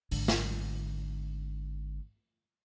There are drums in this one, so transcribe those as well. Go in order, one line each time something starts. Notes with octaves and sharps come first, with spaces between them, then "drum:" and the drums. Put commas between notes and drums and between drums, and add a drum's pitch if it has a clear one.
G#1 D3, drum: open hi-hat
drum: snare